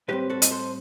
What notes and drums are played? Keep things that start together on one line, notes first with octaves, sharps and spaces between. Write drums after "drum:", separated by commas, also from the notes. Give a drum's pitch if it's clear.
A2 G3 C4 G4 B4
F#4 A4
D#5, drum: hi-hat
A4 C5